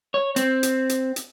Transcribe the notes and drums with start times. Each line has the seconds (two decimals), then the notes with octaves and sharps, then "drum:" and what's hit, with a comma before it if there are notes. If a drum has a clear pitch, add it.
0.14 C#5
0.36 C4, drum: hi-hat
0.63 drum: hi-hat
0.89 drum: hi-hat
1.16 drum: hi-hat